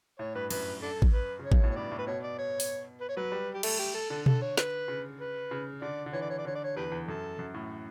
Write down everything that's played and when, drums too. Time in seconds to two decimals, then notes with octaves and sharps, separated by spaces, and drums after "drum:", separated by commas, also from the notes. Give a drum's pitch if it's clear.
0.19 A2 C#5
0.35 G2 B4
0.51 F#2 B4, drum: cymbal
0.82 D4 A4
1.02 drum: kick
1.13 B4
1.39 C#3
1.45 C#5
1.52 B2, drum: kick
1.64 A2
1.71 C#5
1.76 G2 D5
1.91 A2
1.99 B4
2.07 B2 C#5
2.23 D5
2.39 C#5
2.60 drum: open hi-hat
3.01 B4
3.09 C#5
3.17 F#3 B4
3.32 G3
3.54 G4
3.63 A3 A4, drum: cymbal
3.79 G4
3.95 A4
4.10 D3 A4
4.26 A4, drum: tom B2
4.42 C#5
4.57 B4, drum: snare
4.88 C#3
5.20 B4
5.51 C#3
5.82 D3 D5
6.06 D3
6.13 E3 C#5
6.22 D5
6.30 C#5
6.38 D5
6.45 D3 C#5
6.55 D5
6.64 C#5
6.76 E2 G4 B4
6.92 E2
7.08 F#2 A4
7.39 F#2
7.54 A2